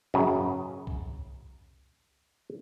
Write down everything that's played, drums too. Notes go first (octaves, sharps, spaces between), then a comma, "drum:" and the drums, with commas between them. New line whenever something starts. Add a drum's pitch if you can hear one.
F#2 C#3, drum: tom G#2
drum: kick C2